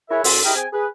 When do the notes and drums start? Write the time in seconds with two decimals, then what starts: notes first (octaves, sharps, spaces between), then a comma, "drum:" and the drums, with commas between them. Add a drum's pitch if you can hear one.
0.10 E4 G#4 A#4 B4 C#5 E5
0.24 F#2 A4 C6, drum: open hi-hat
0.44 E4 G4 G#4 A#4 D#5 G5
0.56 C4 G#4 G5 G#5
0.73 G#4 B4